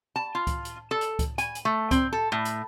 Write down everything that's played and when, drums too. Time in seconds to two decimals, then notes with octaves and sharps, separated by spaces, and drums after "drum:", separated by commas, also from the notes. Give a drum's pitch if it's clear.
0.16 A5
0.35 F4
0.47 drum: kick C#2, hi-hat
0.65 drum: hi-hat
0.91 A4
1.01 drum: hi-hat
1.19 drum: kick C#2, hi-hat
1.38 G#5, drum: hi-hat
1.55 drum: hi-hat
1.65 A3
1.91 C4, drum: kick C#2, hi-hat
2.13 A4
2.32 A2
2.45 drum: hi-hat